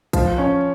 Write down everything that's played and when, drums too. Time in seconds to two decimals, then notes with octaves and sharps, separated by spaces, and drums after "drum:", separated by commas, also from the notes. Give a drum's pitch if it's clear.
0.13 F3, drum: kick A#1, hi-hat
0.38 C#4